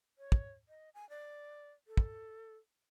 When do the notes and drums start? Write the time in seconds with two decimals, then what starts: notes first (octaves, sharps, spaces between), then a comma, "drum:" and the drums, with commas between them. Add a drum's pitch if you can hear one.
0.18 C#5
0.32 drum: kick
0.69 D#5
0.94 G#5
1.10 D5
1.88 A4
1.97 drum: kick